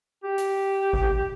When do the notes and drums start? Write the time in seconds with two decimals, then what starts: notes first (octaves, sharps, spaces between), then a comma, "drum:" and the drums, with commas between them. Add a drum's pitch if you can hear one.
0.24 G4
0.38 drum: hi-hat
0.93 drum: kick G#1